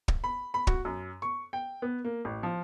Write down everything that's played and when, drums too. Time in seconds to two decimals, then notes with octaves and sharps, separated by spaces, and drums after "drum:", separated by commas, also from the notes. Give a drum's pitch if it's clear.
0.08 drum: kick
0.24 B5
0.54 B5
0.67 F#4, drum: kick
0.85 F#2
1.22 C#6
1.53 G5
1.82 B3
2.05 A#3
2.25 A1
2.43 F3